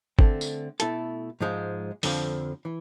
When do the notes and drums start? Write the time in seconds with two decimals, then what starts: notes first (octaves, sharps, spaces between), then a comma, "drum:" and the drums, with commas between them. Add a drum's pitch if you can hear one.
0.19 D3 A3 C4, drum: kick G#1
0.41 drum: tambourine
0.80 B2 A3 E4 A4, drum: hi-hat
1.41 G#2 F3 G#3
2.03 F2 D3 F3, drum: open hi-hat
2.65 E3